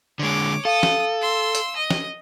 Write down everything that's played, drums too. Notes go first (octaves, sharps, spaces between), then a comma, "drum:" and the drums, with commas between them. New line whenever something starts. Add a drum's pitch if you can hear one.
D3 G#3 C#5 D6
A4 F5 D#6
drum: snare
C6 E6
drum: hi-hat
D#5
drum: snare